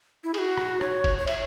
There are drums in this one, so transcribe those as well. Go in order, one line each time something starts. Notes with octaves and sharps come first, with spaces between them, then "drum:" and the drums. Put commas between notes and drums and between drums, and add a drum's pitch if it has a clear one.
E4
G#4, drum: cymbal
F#4
drum: rim click
C#5, drum: rim click
drum: kick, cymbal
C#5
E5, drum: cymbal